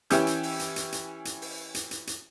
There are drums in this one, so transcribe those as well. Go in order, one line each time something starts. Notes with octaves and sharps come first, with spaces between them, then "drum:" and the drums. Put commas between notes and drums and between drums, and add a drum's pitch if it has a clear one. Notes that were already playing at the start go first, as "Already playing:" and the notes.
E3 C#4 G4 E5 E6 G6, drum: hi-hat
drum: hi-hat
drum: open hi-hat
drum: hi-hat
drum: hi-hat
drum: hi-hat
drum: hi-hat
drum: open hi-hat
drum: hi-hat
drum: hi-hat
drum: hi-hat